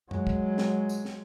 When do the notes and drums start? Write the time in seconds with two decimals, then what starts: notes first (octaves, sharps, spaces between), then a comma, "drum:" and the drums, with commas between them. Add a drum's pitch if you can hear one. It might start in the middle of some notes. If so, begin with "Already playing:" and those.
0.11 F#3 G#3, drum: tom
0.27 drum: kick
0.58 drum: snare
0.89 drum: tambourine
1.05 drum: snare